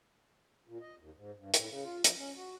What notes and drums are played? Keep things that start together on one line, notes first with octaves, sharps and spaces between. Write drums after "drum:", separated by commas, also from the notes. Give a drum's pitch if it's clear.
A#2
D#5
D#2
G#2
G2
A2, drum: hi-hat
C#3
F4
F3, drum: hi-hat
C#4
F#4